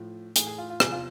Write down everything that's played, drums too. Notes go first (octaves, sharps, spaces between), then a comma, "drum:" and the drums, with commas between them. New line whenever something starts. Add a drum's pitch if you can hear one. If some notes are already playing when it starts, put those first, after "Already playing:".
Already playing: A2 F3
A2 E3 G#4, drum: hi-hat
G#4
F4
F4
E2 C3 F3 G#4, drum: rim click
F4